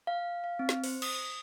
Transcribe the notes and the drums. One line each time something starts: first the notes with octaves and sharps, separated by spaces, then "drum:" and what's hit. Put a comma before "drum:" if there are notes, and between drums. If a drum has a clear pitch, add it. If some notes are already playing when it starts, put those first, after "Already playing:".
F5
F5
C4
drum: snare
C5, drum: open hi-hat
D#6, drum: cymbal